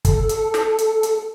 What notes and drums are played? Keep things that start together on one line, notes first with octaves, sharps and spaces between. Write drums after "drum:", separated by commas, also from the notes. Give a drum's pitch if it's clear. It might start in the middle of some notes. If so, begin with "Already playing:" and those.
A4, drum: kick, hi-hat
drum: hi-hat
drum: snare
drum: hi-hat
drum: hi-hat